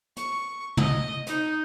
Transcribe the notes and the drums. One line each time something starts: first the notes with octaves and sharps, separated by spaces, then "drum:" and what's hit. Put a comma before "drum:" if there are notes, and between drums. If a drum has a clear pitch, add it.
C#6, drum: hi-hat
D#5, drum: tom
D#4, drum: hi-hat